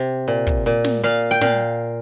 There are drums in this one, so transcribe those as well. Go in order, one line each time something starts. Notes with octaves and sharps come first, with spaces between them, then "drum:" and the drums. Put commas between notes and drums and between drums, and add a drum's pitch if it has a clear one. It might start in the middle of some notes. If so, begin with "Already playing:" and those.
Already playing: C3
A#2
drum: kick
A#2
drum: snare
A#2 F5
G5
A#2 F5, drum: snare